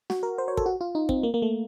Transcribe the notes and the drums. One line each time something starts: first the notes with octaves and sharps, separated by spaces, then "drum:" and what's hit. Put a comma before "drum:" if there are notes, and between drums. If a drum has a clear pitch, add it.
F#4, drum: snare
A#4
C5
C#5
A4, drum: kick
F#4
F4
D#4
C4, drum: kick
A#3
A#3
A3